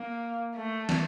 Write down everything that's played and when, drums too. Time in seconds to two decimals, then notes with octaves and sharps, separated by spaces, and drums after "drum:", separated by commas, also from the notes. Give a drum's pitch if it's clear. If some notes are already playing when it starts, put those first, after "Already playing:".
Already playing: A#3
0.56 A3
0.89 drum: snare